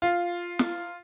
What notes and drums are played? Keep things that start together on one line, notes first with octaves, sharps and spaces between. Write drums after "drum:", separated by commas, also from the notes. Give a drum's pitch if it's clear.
F4
drum: snare